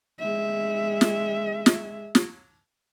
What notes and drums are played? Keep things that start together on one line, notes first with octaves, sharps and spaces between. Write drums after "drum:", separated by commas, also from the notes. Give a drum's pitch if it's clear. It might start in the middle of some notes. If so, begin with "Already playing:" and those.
G#3 E5
drum: snare
drum: snare
drum: snare